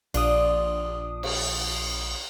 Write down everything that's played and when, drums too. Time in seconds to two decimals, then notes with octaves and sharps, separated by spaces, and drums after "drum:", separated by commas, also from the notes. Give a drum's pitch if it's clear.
0.14 A#1 D4 F4 D#6, drum: cymbal
1.23 drum: cymbal